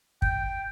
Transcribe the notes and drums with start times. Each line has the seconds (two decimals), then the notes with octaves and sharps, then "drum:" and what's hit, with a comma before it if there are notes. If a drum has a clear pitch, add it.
0.22 G5, drum: kick